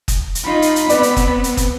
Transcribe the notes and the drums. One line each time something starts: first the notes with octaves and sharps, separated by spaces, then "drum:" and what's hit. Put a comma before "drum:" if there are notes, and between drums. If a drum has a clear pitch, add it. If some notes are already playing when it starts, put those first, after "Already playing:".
drum: kick, hi-hat
drum: hi-hat
D#4 F4 B5
drum: hi-hat
drum: hi-hat
B3 C4 B4 D5, drum: hi-hat
drum: hi-hat
drum: kick, hi-hat
drum: hi-hat
drum: kick, hi-hat